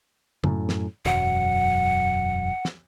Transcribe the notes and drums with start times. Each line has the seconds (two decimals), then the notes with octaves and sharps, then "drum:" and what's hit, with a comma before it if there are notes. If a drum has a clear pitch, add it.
0.44 F#2 A2, drum: tom C#3
0.69 drum: snare
1.06 E1 F#2 F#3 F#5, drum: tom F#2
2.65 drum: snare